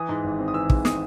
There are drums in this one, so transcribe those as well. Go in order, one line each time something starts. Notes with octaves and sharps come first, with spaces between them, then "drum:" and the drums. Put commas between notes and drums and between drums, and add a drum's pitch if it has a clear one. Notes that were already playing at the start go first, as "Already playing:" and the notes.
Already playing: E3 D#6
G#2
G#1
C4
D#6
E3 E6
G#2, drum: kick
D#6, drum: snare